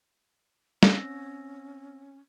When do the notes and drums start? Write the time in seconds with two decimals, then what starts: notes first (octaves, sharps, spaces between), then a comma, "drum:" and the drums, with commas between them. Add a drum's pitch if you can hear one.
0.83 C4 C#4 E6 A#6, drum: snare